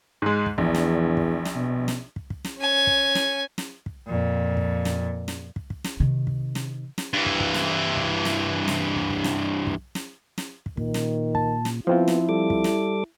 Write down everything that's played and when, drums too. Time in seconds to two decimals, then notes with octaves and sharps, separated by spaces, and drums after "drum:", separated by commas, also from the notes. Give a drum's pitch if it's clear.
0.22 G#2 G#3
0.46 drum: kick
0.58 A#1 E2, drum: kick
0.75 drum: snare
1.17 drum: kick
1.45 drum: snare
1.55 B2
1.88 drum: snare
2.16 drum: kick
2.30 drum: kick
2.44 drum: snare
2.59 C#4 G#5
2.87 drum: kick
3.15 drum: snare
3.58 drum: snare
3.86 drum: kick
4.07 F2 A#2
4.57 drum: kick
4.85 drum: snare
5.28 drum: snare
5.56 drum: kick
5.70 drum: kick
5.84 drum: snare
6.00 C3 D#3
6.27 drum: kick
6.55 drum: snare
6.98 drum: snare
7.13 G2 E3
7.26 drum: kick
7.40 drum: kick
7.54 drum: snare
7.97 drum: kick
8.25 drum: snare
8.68 drum: snare
8.96 drum: kick
9.10 drum: kick
9.24 drum: snare
9.67 drum: kick
9.95 drum: snare
10.38 drum: snare
10.66 drum: kick
10.77 A#2 D#3, drum: kick
10.94 drum: snare
11.35 A5, drum: kick
11.65 drum: snare
11.87 F3 B3 C4 E4 F4
12.08 drum: snare
12.29 G3 A4 D6
12.50 drum: kick
12.64 drum: snare